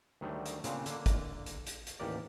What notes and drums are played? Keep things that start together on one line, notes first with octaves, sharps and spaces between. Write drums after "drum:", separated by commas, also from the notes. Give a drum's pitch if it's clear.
D2 D#3 F#3 G3 A3
drum: hi-hat
A#2 C#3 C4 D4, drum: hi-hat
D3 A#3, drum: hi-hat
drum: kick, hi-hat
drum: hi-hat
drum: hi-hat
drum: hi-hat
A1 D#2 G4 A#4 D5